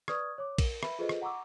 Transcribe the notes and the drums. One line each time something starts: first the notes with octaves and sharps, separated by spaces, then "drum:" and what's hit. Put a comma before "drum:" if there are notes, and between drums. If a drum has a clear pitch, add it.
B4 D5 C#6 D#6 F6 G#6, drum: rim click
C#5 D6
A#4 G7, drum: kick A#1, cymbal
B4 E5 B5, drum: rim click
F4 G#4 A4 B4 C5 D#5
drum: rim click
F#5 A#5 C#6 D6 E6